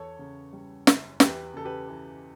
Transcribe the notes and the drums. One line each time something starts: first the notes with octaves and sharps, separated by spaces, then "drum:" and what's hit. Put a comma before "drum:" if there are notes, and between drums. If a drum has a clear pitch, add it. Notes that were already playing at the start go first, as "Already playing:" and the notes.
Already playing: E2 A4 C#5
C#3
G3
F#1, drum: snare
E2 G4 B4, drum: snare
C#3 A4
G4 B4
E3